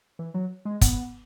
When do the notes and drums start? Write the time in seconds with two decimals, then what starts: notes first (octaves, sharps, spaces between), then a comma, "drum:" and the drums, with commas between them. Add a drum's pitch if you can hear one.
0.19 E3
0.34 F#3
0.65 G#3
0.81 B3, drum: kick, hi-hat